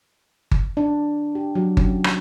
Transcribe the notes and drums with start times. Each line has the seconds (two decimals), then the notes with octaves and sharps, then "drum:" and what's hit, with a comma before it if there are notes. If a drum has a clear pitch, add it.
0.51 drum: kick G1
0.77 D4
1.35 G4
1.55 F#3
1.77 C#4, drum: kick G1
2.04 drum: rim click